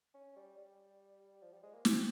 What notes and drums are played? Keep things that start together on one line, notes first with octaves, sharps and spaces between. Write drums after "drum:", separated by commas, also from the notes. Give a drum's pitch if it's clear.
C#4
G3
G3
F3
G3
G#3
A#3
C4, drum: snare